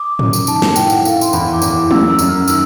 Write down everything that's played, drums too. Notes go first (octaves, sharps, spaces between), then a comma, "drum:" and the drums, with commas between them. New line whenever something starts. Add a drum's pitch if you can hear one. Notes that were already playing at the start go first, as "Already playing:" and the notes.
Already playing: D6 D#6
F#2, drum: tom G#2
drum: tambourine
D#3 A5, drum: tambourine
G#5, drum: snare
A2 G5, drum: tambourine
F#5, drum: tambourine
A2 F5, drum: tambourine
C6, drum: tambourine
E2 B5, drum: tambourine
D6
E2, drum: tambourine
D6
F#2 E6, drum: tom G#3
E6
F#2, drum: tambourine
F6
D#3 E6, drum: tambourine